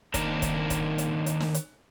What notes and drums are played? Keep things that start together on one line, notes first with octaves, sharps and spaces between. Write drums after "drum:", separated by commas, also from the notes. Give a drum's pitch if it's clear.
D#3 A#3 C4 D4 D#4 A#4, drum: kick, hi-hat
drum: kick, hi-hat
drum: kick, hi-hat
drum: hi-hat
drum: hi-hat
drum: snare
drum: hi-hat